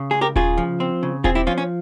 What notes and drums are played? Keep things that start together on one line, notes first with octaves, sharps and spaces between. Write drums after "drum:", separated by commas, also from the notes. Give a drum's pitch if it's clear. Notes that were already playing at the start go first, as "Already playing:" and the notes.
Already playing: C#3
C#2 G#4
G4 A#4
C#3 F4 G#4, drum: kick D#1
F3
C4
C#3
C4 F4 G#4, drum: kick D#1
E4 G4
F3 C#4 F4
C#4